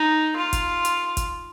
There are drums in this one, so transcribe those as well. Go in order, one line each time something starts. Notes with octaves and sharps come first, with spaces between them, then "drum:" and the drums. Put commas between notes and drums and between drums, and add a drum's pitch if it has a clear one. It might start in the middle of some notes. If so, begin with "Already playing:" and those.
Already playing: D#4
F4
drum: kick G1, hi-hat
drum: hi-hat
drum: kick G1, hi-hat